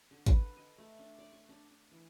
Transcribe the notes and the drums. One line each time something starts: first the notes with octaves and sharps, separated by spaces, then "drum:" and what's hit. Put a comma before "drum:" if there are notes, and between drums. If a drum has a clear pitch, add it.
D3
B4, drum: kick G#1, hi-hat
A4
D#5
A3
D4
D5
C#6
D4
D4
E3